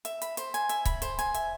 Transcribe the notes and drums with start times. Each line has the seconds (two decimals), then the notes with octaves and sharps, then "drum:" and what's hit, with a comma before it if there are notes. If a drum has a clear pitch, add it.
0.05 E5, drum: hi-hat
0.22 B5, drum: hi-hat
0.37 C5, drum: hi-hat
0.54 G#5, drum: hi-hat
0.69 E5, drum: hi-hat
0.85 B5, drum: kick C#1, hi-hat
1.02 C5, drum: hi-hat
1.19 G#5, drum: hi-hat
1.34 E5, drum: hi-hat